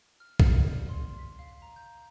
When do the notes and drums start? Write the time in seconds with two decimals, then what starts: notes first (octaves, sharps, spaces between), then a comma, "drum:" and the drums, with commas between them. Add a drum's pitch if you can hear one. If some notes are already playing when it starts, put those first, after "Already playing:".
0.20 F6
0.40 F6, drum: kick B1
0.56 D5
0.89 C6
1.18 B6
1.39 F5
1.62 A#5
1.76 G6